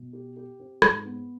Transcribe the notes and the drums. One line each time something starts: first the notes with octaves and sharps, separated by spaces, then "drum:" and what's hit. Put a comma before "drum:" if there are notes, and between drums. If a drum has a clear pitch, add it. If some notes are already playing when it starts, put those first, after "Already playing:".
Already playing: B2
G4
G4
C4
G#2, drum: rim click
B3